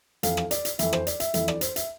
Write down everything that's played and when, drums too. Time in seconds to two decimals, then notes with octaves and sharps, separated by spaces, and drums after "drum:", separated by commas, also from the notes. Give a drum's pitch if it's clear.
0.23 F2 E3 F5, drum: hi-hat
0.37 drum: rim click
0.51 D5, drum: hi-hat
0.65 drum: hi-hat
0.79 F2 E3 E5, drum: hi-hat
0.93 C5, drum: rim click
1.07 D5, drum: hi-hat
1.20 E5, drum: hi-hat
1.34 F2 E3 E5, drum: hi-hat
1.48 D5, drum: rim click
1.61 C5, drum: hi-hat
1.76 E5, drum: hi-hat